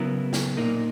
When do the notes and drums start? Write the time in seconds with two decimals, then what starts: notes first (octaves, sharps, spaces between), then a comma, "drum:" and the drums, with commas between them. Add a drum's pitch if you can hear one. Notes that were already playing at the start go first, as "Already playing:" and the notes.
Already playing: C#3 F#3 B3 E4 A#4
0.33 drum: snare
0.57 B1 A#2 A#3 D#4 A#4